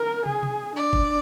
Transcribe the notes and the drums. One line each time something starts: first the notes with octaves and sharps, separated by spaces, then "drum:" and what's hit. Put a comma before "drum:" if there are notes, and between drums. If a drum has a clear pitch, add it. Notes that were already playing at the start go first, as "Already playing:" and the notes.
Already playing: A#4
G#4, drum: tom
drum: tom B2
D4 D5
drum: kick F#1